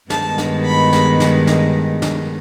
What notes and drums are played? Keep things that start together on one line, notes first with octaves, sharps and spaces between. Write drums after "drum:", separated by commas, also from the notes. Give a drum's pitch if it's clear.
G2 D#3 G#3 B3 A5, drum: snare
drum: snare
B5
drum: snare
drum: snare
drum: snare
drum: snare